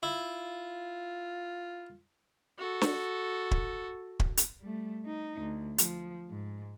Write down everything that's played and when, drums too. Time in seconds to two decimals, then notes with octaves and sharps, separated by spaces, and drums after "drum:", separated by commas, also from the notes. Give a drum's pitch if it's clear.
0.03 E4 F4
2.59 F#4 A4
2.81 drum: snare
3.51 drum: kick
4.20 drum: kick
4.37 drum: hi-hat
4.61 G3 A3
5.06 D#4
5.39 D2
5.78 F3, drum: hi-hat
6.29 G#2